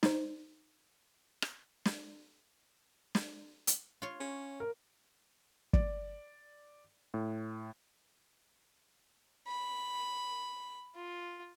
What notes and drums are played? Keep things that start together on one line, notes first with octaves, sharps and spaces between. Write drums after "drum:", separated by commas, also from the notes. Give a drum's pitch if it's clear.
D#4 C5, drum: snare
drum: rim click
drum: snare
drum: snare
drum: hi-hat
F4 C#5
C#4
A#4
D5, drum: kick
A2
B5
F4